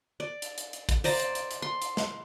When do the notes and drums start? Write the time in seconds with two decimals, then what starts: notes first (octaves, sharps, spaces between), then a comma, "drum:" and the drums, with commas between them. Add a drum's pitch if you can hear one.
0.20 D5
0.42 drum: hi-hat
0.58 drum: hi-hat
0.73 drum: hi-hat
0.89 drum: kick, hi-hat
1.04 C5 D5 A#5, drum: open hi-hat
1.20 drum: hi-hat
1.35 drum: hi-hat
1.51 drum: hi-hat
1.62 C6
1.82 drum: hi-hat
1.97 drum: snare